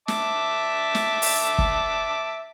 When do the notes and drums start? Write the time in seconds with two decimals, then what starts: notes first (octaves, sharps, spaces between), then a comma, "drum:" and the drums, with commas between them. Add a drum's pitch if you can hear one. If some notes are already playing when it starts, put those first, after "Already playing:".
0.08 E5 A5 D6, drum: snare
0.95 drum: snare
1.22 drum: open hi-hat
1.58 drum: kick